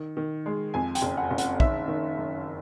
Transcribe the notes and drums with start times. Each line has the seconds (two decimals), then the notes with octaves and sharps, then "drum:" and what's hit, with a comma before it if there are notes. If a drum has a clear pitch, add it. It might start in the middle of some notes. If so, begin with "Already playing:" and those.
Already playing: D#3
0.17 D#3
0.46 G#3
0.74 F2 G#5
0.95 G5, drum: hi-hat
1.02 F#1
1.17 F#5
1.30 F#1
1.38 F#5, drum: hi-hat
1.60 D#3 E5, drum: kick
1.88 D#3
2.17 F#2